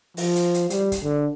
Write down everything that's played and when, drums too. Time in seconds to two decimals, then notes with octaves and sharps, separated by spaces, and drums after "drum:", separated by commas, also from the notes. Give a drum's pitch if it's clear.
0.17 F3, drum: open hi-hat
0.36 drum: hi-hat
0.54 drum: hi-hat
0.70 G3, drum: hi-hat
0.92 drum: kick, hi-hat
1.03 D3